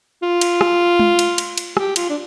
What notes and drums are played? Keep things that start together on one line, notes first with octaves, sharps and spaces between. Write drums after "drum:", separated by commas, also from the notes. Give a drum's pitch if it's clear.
F4
drum: cymbal
drum: rim click
drum: tom G#3
drum: cymbal
drum: cymbal
drum: cymbal
G4, drum: rim click
F4, drum: cymbal
D4